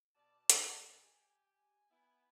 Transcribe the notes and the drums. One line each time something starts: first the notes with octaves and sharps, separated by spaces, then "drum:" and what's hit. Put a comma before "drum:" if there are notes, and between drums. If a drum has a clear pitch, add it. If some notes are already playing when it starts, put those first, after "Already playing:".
B2 D5 A5
D#5, drum: hi-hat
G4 G#5
G#5
B3 E4